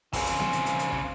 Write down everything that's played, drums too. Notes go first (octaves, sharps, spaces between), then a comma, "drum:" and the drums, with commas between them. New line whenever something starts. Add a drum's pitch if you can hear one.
C#3 C4, drum: kick, open hi-hat
drum: hi-hat
drum: snare B3
drum: hi-hat
drum: hi-hat
drum: hi-hat
drum: kick